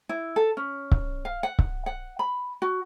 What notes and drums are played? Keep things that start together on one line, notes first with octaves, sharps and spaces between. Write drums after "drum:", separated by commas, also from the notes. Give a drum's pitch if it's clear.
E4
A4
C#4
drum: kick C#1
F5
F#5
drum: kick C#1
F#5
B5
F#4